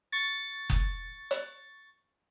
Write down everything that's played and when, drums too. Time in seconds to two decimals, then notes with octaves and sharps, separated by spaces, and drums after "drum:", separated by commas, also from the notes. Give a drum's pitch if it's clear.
0.12 C#6 A6
0.70 drum: kick F#1
1.31 drum: hi-hat